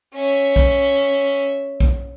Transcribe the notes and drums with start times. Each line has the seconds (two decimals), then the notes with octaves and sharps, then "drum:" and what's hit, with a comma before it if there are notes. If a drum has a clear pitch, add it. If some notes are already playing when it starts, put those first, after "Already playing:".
0.15 C#4 E5
0.56 drum: kick B1
1.80 drum: kick B1